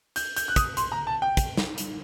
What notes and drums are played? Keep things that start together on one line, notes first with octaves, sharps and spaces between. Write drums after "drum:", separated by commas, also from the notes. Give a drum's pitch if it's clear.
G6, drum: hi-hat
G6, drum: hi-hat
F#6
D#6, drum: kick, hi-hat
C6, drum: hi-hat
A#5
A5
G5
drum: kick, hi-hat
drum: snare
drum: hi-hat